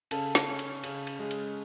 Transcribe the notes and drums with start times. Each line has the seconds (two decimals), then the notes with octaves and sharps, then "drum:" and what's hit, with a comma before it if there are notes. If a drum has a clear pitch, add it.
0.11 C#3 A4, drum: cymbal
0.35 drum: snare
0.47 C#4
0.59 drum: cymbal
0.84 C#3, drum: cymbal
1.07 drum: cymbal
1.19 G#3
1.31 drum: cymbal